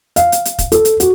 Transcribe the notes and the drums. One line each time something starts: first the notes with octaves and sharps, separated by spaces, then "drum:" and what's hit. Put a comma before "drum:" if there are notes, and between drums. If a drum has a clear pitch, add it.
F5, drum: hi-hat
drum: hi-hat
drum: hi-hat
drum: kick, hi-hat
A4, drum: hi-hat
drum: hi-hat
F#4, drum: hi-hat